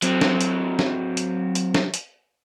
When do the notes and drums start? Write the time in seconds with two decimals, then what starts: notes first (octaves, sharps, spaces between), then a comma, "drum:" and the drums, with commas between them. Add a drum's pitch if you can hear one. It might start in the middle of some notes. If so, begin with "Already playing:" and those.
0.02 F#3 C4, drum: hi-hat
0.21 drum: snare
0.41 drum: hi-hat
0.79 drum: snare
1.17 drum: hi-hat
1.55 drum: hi-hat
1.75 drum: snare
1.94 drum: hi-hat